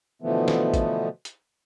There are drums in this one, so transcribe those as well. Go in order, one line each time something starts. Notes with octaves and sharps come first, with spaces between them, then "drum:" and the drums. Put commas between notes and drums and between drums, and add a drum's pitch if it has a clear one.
B2 D3 E3 F3 A3 B3
drum: snare
drum: kick, hi-hat
drum: hi-hat